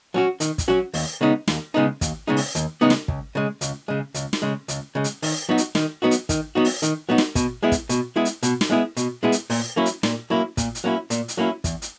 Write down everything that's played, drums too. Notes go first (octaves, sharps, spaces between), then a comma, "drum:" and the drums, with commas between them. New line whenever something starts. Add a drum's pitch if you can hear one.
F#3 C#4 F#4
D#3, drum: hi-hat
drum: kick, hi-hat
F#3 C#4 F#4
D#2, drum: open hi-hat
C#3 G#3 B3 D#4
D#2, drum: snare
C#3 G#3 B3 D#4
D#2, drum: kick, hi-hat
C#3 G#3 B3 D#4
drum: open hi-hat
D#2, drum: hi-hat
C#3 G#3 B3 D#4
drum: snare
C#2, drum: kick
C#3 G#3
C#2, drum: hi-hat
C#3 G#3
C#2, drum: hi-hat
drum: snare
C#3 G#3
C#2, drum: hi-hat
C#3 G#3
drum: hi-hat
D#3, drum: open hi-hat
F#3 B3 D#4 F#4
drum: hi-hat
D#3, drum: snare
F#3 B3 D#4 F#4
drum: hi-hat
D#3, drum: kick, hi-hat
F#3 B3 D#4 F#4
drum: open hi-hat
D#3, drum: hi-hat
F#3 B3 D#4 F#4
drum: snare
B2, drum: kick, hi-hat
G#3 B3 E4 G#4
drum: kick, hi-hat
B2, drum: hi-hat
G#3 B3 E4 G#4
drum: hi-hat
B2, drum: hi-hat
drum: snare
G#3 B3 E4 G#4
B2, drum: hi-hat
G#3 B3 E4 G#4
drum: hi-hat
A#2, drum: open hi-hat
F#3 A#3 C#4 E4
drum: hi-hat
A#2, drum: snare
F#3 A#3 C#4 E4
A#2, drum: kick, hi-hat
drum: hi-hat
F#3 A#3 C#4 E4
A#2, drum: hi-hat
drum: hi-hat
F#3 A#3 C#4 E4
E2, drum: kick, hi-hat
drum: hi-hat